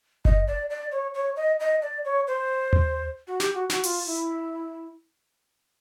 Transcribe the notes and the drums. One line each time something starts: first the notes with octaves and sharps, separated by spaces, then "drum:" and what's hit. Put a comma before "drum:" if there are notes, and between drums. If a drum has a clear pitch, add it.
D#5, drum: kick F#1
D5
D5
C#5
C#5
D#5
D#5
D5
C#5
C5
drum: tom D#2
F#4
G4, drum: snare
F#4
F#4, drum: snare
F4, drum: open hi-hat
E4